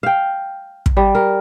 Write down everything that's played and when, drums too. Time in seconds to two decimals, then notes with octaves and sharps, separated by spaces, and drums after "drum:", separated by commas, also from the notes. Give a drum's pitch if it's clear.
0.03 F5 G5
0.86 drum: kick
0.97 G3
1.15 A#4